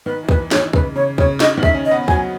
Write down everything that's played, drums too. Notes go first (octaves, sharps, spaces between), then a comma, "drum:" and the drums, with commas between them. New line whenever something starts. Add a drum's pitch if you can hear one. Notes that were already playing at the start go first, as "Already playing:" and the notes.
D#3 B4
E3
B4, drum: kick
E3
C#5, drum: snare
D#3
C#3 B4, drum: kick
C#3 C#5
C#3 C#5, drum: kick
C#3 D#5, drum: snare
D#3
E5, drum: kick
C#4
D#5
B3
F#3 G#5, drum: kick